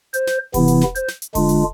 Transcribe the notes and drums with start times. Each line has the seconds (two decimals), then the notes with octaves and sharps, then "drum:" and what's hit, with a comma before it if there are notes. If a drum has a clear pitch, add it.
0.14 C5, drum: hi-hat
0.27 drum: snare
0.54 C3 E3 B3 E4, drum: kick E1, open hi-hat
0.68 drum: hi-hat
0.81 drum: snare
0.95 C5, drum: hi-hat
1.08 drum: snare
1.22 drum: hi-hat
1.35 D3 G#3 D4 F4, drum: kick E1, open hi-hat
1.49 drum: hi-hat